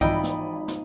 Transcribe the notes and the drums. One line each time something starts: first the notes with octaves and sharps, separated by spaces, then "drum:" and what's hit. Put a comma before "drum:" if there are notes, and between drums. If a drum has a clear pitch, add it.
G#1 E3 F3 D#4 D5 G5 B5, drum: kick B1
drum: snare
drum: snare